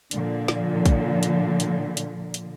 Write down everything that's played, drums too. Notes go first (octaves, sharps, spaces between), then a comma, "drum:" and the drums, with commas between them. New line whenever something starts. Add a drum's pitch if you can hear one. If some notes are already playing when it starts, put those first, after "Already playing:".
A#2 D3 F3, drum: hi-hat
drum: snare
drum: kick, hi-hat
drum: hi-hat
drum: hi-hat
drum: hi-hat
drum: hi-hat